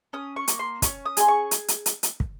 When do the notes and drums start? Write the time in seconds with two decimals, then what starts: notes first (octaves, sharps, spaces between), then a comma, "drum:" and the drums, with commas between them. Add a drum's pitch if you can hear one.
0.13 C#4 D#6
0.36 C#6
0.48 A#3, drum: hi-hat
0.59 C6
0.82 C#4 C#6, drum: kick, hi-hat
1.06 D#6
1.17 G#4 C6, drum: hi-hat
1.28 C#6
1.51 drum: hi-hat
1.68 drum: hi-hat
1.86 drum: hi-hat
2.03 drum: hi-hat
2.20 drum: kick